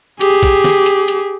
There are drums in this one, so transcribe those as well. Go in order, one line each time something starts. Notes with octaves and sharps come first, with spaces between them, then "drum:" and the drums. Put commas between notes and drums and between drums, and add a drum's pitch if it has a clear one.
G4 G#4, drum: hi-hat
drum: kick, hi-hat
drum: snare
drum: hi-hat
drum: hi-hat